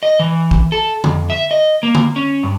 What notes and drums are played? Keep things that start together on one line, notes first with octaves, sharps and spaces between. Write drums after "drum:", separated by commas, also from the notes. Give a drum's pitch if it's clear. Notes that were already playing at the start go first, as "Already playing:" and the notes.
D#5
E3
drum: kick
A4
F2, drum: tom D3
E5
D#5
A#3
drum: tom D3
C#4
G2